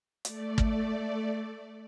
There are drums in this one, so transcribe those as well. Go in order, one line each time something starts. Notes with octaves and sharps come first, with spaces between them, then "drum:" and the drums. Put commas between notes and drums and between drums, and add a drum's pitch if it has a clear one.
A3 D5, drum: hi-hat
drum: kick